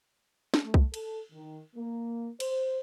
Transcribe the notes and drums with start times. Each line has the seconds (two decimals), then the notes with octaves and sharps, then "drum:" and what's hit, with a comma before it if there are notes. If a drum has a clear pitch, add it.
0.54 drum: snare
0.64 A3
0.74 drum: kick C2
0.94 A4, drum: cymbal
1.32 D#3
1.75 A#3
2.40 C5, drum: cymbal